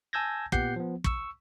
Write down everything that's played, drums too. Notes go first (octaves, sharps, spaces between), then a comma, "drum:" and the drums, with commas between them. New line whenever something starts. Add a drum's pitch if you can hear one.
G#5 A5 E6 G6 G#6 A#6
A#2 B3 G4 F#5 G6 C7, drum: kick
F3 B3
C#6 E6, drum: kick